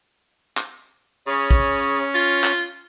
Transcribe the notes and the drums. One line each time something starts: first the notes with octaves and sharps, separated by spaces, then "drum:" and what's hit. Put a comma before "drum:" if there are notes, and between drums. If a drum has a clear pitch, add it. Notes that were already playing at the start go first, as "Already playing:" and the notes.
drum: clap
C#3 C#4
drum: kick
F4
drum: clap